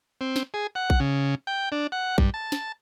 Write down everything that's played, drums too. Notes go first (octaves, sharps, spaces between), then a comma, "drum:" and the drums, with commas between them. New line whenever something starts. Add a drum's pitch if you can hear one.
C4
drum: snare
G#4
F#5
drum: kick A#1
C#3
G5
D4
F#5
G2, drum: kick A#1
A5
drum: snare